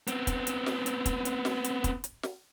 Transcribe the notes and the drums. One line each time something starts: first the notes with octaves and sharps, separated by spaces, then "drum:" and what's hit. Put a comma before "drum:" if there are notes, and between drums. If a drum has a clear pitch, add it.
B3 C4, drum: hi-hat
drum: kick, hi-hat
drum: hi-hat
drum: snare
drum: hi-hat
drum: kick, hi-hat
drum: hi-hat
drum: snare
drum: hi-hat
drum: kick, hi-hat
drum: hi-hat
drum: snare